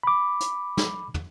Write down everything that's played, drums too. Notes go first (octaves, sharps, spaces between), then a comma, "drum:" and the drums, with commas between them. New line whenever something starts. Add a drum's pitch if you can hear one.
B5 D6
drum: hi-hat
drum: snare
drum: tom